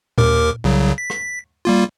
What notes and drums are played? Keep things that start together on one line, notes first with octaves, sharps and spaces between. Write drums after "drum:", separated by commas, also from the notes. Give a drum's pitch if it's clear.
D#2 A#4 D6, drum: tom A#2
C2 C#3 F#3
B6
drum: rim click
G3 A#3 F4